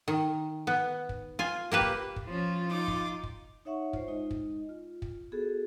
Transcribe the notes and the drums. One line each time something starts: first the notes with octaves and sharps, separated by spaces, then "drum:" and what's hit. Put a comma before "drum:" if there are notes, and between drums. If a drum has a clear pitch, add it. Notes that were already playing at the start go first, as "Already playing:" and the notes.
D#3
B3
drum: kick
F4 G#5
A#3 G4 B4
drum: kick
drum: kick
F3 C#4 F4
D#4 D6
drum: kick
drum: kick
D#4 C#5 E5 F#5 C#6
F4 C5, drum: kick
G#3 D#4 D#5
drum: kick
F4
drum: kick
B3 F#4 G#4 A4